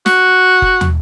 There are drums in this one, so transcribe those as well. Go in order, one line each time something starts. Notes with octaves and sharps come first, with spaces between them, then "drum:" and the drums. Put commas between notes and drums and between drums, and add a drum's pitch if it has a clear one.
F#4, drum: snare
drum: kick
drum: tom